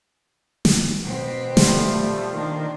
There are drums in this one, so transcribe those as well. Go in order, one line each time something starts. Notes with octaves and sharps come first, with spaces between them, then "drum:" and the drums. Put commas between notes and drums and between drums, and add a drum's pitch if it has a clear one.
drum: snare
B2 C4
F3 G3 A3, drum: snare
D#3 A#3 D4